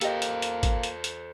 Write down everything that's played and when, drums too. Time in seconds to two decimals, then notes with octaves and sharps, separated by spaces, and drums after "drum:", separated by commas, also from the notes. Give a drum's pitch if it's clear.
0.01 A#3 G4 A4 C5 D#5, drum: hi-hat
0.22 drum: hi-hat
0.42 drum: hi-hat
0.63 drum: kick, hi-hat
0.83 drum: hi-hat
1.04 drum: hi-hat